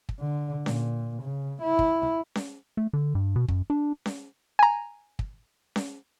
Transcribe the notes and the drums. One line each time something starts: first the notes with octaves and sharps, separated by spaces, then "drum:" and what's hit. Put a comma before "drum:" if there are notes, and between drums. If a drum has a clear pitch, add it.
drum: kick
D3
A#2, drum: snare C#4
C#3
E4
drum: kick
drum: snare C#4
A3
D3
G2
B2
F#2, drum: kick
D4
drum: snare C#4
G#5 A#5
drum: kick
drum: snare C#4